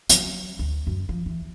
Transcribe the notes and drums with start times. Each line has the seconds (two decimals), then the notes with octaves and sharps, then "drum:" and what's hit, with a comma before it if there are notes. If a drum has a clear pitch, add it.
0.09 F#3, drum: hi-hat
0.59 D2
0.87 F#2
1.09 F3
1.26 E3